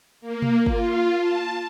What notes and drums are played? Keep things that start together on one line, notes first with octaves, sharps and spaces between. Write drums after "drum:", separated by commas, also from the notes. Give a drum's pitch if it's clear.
A#3
drum: tom B2
F4, drum: kick
A5